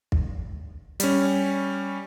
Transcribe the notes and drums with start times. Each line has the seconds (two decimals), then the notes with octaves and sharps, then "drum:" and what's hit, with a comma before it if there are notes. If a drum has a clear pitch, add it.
0.12 drum: kick
1.00 G3 C#4, drum: hi-hat